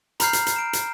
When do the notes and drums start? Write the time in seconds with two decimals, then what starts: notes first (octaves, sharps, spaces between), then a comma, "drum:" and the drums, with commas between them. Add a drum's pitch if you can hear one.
0.20 A#5 B5 F6 G6 C7, drum: hi-hat
0.33 drum: hi-hat
0.46 drum: hi-hat
0.56 D7 E7
0.73 drum: hi-hat